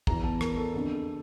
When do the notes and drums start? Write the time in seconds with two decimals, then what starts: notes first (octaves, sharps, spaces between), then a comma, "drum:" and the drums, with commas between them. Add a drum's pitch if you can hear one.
0.07 E2 E3 A#5, drum: kick
0.24 A5
0.41 A#4, drum: rim click
0.57 A4
0.74 F2 D3